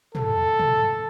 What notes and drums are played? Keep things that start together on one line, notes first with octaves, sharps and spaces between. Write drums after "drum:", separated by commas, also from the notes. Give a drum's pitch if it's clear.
A4, drum: tom
drum: tom